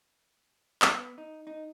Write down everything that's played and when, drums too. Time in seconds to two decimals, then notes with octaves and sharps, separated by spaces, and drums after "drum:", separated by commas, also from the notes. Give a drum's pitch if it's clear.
0.82 drum: clap
0.93 B3
1.18 D#4
1.47 D#4